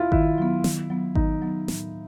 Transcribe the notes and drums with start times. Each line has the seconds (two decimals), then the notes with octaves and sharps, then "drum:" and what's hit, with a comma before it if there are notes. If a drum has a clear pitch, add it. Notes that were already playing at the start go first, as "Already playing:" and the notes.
Already playing: E4 F4
0.12 D#3 E4, drum: kick G#1
0.38 F#3 B3
0.64 D#3, drum: snare
0.90 F#3 B3
1.15 D#3 D#4, drum: kick G#1
1.42 F#3 B3
1.68 A2, drum: snare